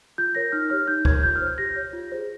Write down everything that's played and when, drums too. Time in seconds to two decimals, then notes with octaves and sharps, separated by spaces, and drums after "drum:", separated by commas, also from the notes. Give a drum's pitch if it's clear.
0.18 F4 G6
0.35 A#4 C#5 A#6
0.52 D#4 F6
0.70 G4 C#5 F6
0.87 D#4 G6
1.05 A#4 C#5 G#6, drum: kick C#2
1.23 F4 G6
1.36 F6
1.41 C5
1.47 G6
1.58 G4 A#6
1.76 C#5
1.93 F4
2.12 G#4 C5